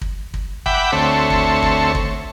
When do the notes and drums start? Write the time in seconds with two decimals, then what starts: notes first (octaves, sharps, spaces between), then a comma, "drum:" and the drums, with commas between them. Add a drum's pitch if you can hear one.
0.01 drum: kick
0.34 drum: kick
0.66 E5 F#5 G5 B5 D6, drum: kick
0.92 D2 A3 C4 C#5 E5
1.30 drum: kick
1.62 drum: kick
1.95 drum: kick